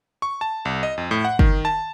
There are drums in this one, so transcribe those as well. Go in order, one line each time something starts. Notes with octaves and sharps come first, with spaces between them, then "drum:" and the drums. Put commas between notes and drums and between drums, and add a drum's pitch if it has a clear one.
C#6
A5
C2
D#5
F2
A2
F#5
D#3, drum: kick
A5